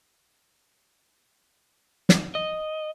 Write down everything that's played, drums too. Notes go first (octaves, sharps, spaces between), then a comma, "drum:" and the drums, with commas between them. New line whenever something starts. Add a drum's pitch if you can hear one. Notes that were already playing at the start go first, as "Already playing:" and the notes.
drum: snare
D#5